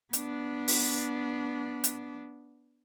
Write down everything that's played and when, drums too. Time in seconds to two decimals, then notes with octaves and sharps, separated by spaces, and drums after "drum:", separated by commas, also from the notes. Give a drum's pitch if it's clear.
0.13 B3 D4, drum: hi-hat
0.68 drum: open hi-hat
1.84 drum: hi-hat